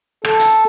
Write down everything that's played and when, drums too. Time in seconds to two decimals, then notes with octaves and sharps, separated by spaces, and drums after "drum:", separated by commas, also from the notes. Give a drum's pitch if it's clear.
0.25 A4, drum: rim click
0.39 drum: hi-hat